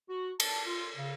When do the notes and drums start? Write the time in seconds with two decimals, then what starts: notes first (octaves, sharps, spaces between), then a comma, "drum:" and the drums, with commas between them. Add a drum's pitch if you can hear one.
0.09 F#4
0.40 A5, drum: cymbal
0.66 F4
0.96 C#3